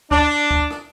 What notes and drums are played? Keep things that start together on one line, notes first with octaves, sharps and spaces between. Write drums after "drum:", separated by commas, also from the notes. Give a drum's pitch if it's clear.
D4, drum: kick
drum: kick
drum: rim click